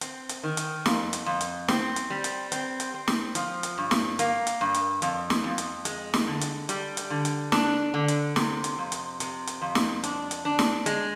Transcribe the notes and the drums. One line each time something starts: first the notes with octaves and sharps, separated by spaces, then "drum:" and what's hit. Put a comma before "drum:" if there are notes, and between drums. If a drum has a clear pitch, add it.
C4, drum: hi-hat
drum: hi-hat
D#3
drum: hi-hat
F2, drum: snare
drum: hi-hat
F2
drum: hi-hat
C4, drum: snare
drum: hi-hat
G3
drum: hi-hat
C4, drum: hi-hat
drum: hi-hat
C4
drum: snare
F3, drum: hi-hat
drum: hi-hat
G2
drum: snare
A#3, drum: hi-hat
drum: hi-hat
G2
drum: hi-hat
F2, drum: hi-hat
drum: snare
F2
drum: hi-hat
G#3, drum: hi-hat
drum: snare
D3
drum: hi-hat
G3, drum: hi-hat
drum: hi-hat
D3
drum: hi-hat
D4, drum: snare
D3
drum: hi-hat
C3, drum: snare
drum: hi-hat
F2
drum: hi-hat
C3, drum: hi-hat
drum: hi-hat
F2
drum: snare
D4, drum: hi-hat
drum: hi-hat
D4
drum: snare
G#3, drum: hi-hat